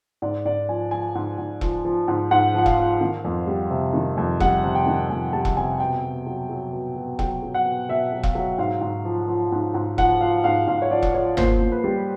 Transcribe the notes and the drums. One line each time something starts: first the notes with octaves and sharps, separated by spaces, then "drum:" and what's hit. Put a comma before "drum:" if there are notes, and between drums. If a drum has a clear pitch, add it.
G#2 D5
G#2 D5
F3 G#5
F3 G#5
G#2
G#2
F3, drum: kick E1
F3
G#2
G#2 F#5
F3 F#5
F5, drum: kick E1
F3
D#3
F2
G3
C3
D#3
F2
G3 F#5, drum: kick E1
C3
G5
D#3
F2 G#5
G3 A5
drum: kick E1
C3 G#5
B2 G5
B2
F#3
F#3
B2
B2
F#3 G5, drum: kick E1
F#3
F#5
B2
B2 E5
F#3
F5, drum: kick E1
F#3
G#2 F5
G#2
F3
F3
G#2
G#2
F3 F#5, drum: kick E1
F3 F5
G#2 F5
G#2 F5
C#5
F3 D5
drum: kick E1
F3 C#5
A#2 C5, drum: tom G1
A#2
B4
G3